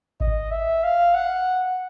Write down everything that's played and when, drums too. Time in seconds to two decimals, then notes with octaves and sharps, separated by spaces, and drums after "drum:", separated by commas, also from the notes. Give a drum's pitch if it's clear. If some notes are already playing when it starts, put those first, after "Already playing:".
0.20 D#5, drum: kick G#1
0.51 E5
0.84 F5
1.15 F#5